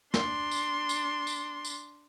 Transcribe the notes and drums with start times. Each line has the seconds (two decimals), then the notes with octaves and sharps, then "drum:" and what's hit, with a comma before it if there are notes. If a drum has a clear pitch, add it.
0.14 D4 C6, drum: snare
0.51 drum: tambourine
0.89 drum: tambourine
1.27 drum: tambourine
1.65 drum: tambourine